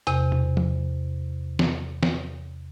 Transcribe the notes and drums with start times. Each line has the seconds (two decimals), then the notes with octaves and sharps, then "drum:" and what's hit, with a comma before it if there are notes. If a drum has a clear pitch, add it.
0.07 E2 C3, drum: hi-hat
0.32 drum: tom B2
0.57 drum: tom F3
1.59 drum: snare
2.03 drum: snare